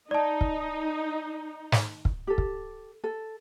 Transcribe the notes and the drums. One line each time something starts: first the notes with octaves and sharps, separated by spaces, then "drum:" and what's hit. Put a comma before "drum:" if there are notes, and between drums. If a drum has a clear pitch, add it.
D#4 D5 A5
drum: kick
drum: snare
drum: kick
G4 A4
drum: kick
A4